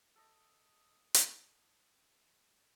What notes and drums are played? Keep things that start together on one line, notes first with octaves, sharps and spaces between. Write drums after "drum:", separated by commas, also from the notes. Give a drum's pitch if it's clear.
A4 D#5
drum: hi-hat